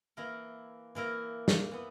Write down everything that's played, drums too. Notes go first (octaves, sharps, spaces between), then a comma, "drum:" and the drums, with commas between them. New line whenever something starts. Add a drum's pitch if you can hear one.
E3 A#3 E4 A#4
E3 A#3 E4 A#4
drum: snare
E3 B3